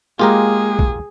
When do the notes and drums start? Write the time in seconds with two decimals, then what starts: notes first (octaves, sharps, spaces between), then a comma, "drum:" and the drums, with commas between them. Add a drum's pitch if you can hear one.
0.19 G#3 A#3 F4 G4 G#4 A#4
0.79 drum: kick